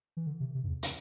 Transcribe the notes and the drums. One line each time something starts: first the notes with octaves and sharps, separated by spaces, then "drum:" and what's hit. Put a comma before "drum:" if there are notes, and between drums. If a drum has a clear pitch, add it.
E3
D3
C3
C3
G2
E2
drum: hi-hat